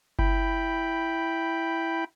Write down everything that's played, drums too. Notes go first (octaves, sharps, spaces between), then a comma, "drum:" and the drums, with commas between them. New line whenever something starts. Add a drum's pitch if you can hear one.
E4 G5 B5, drum: kick F#1